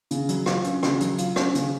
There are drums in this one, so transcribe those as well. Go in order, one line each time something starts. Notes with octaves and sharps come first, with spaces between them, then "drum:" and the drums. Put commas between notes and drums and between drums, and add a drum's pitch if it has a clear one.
C#3, drum: hi-hat
F#3, drum: hi-hat
F4, drum: rim click
C#4, drum: hi-hat
C#3, drum: rim click
F#3, drum: hi-hat
F4, drum: hi-hat
C#4, drum: rim click
C#3, drum: hi-hat